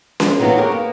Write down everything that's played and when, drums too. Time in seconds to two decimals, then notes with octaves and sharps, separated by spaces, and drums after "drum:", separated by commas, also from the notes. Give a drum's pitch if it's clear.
0.20 G#3, drum: snare C#4
0.39 D#3 E3 F#3 A#3 B3 F4
0.57 G4 G#4 A#4 C#5 F#5
0.70 A#3 B3